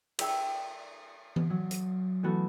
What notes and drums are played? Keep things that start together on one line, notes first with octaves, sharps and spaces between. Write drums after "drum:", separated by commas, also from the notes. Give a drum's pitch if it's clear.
E5 G5 E6, drum: cymbal
drum: tom E3
F#3
drum: hi-hat
E3 A3 B3 F#4 A4